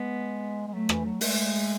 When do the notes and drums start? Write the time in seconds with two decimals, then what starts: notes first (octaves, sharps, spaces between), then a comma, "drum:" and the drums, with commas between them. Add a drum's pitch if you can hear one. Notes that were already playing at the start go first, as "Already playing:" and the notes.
Already playing: G#3 B3
0.67 G#3
0.73 F#3 A3
0.89 E3, drum: rim click
1.05 F#3
1.21 G#3 A3, drum: open hi-hat